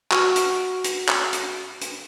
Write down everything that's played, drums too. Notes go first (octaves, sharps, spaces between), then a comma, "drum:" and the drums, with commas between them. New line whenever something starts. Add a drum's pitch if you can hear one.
F#4 C#6 F6, drum: clap
drum: hi-hat
drum: hi-hat
drum: clap
drum: hi-hat
drum: hi-hat